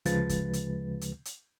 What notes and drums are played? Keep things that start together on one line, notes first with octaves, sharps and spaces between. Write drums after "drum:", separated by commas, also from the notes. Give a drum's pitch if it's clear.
D2 C#3 F3 G#3 B4 A6, drum: hi-hat
drum: kick F#1, hi-hat
drum: hi-hat
drum: hi-hat
drum: hi-hat